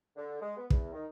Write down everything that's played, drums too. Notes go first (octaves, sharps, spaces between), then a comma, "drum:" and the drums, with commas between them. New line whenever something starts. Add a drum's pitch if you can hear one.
D3
G#3
B3
E2, drum: kick
D#3